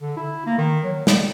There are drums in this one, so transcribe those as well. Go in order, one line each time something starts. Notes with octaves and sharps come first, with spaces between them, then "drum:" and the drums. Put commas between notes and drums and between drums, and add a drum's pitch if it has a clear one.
D3
E4
A#3
D#3
F#3
G3, drum: snare